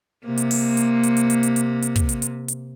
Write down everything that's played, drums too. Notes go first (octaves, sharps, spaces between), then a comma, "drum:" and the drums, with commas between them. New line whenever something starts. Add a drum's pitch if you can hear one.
C3 A#3
drum: hi-hat
drum: open hi-hat
drum: hi-hat
drum: hi-hat
drum: hi-hat
drum: hi-hat
drum: hi-hat
drum: hi-hat
drum: hi-hat
drum: kick, hi-hat
drum: hi-hat
drum: hi-hat
drum: hi-hat